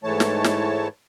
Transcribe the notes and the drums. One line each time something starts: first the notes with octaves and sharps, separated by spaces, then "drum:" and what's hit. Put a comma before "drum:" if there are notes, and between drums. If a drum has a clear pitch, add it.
G#2 E3 A3 C#5 A5
drum: snare
drum: snare